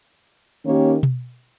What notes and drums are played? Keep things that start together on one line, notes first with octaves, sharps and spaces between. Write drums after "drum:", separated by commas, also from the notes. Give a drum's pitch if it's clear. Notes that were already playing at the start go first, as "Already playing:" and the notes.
D#3 A#3 C#4 G4 C#5
drum: tom B2